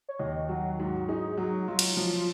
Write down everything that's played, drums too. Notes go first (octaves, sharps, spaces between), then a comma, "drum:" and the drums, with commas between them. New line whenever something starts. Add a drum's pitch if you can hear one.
C#5
D#2 D#5
F#3 F#4
F#4
G#2 F#4
D#4 G#4
F#3 F#4
F#3 F4
drum: cymbal
F3 F4